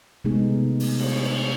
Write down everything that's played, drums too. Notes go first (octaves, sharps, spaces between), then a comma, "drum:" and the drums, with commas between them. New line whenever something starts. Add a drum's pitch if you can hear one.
C3 G#3 A3 B3 D#4 G#4
drum: open hi-hat
drum: cymbal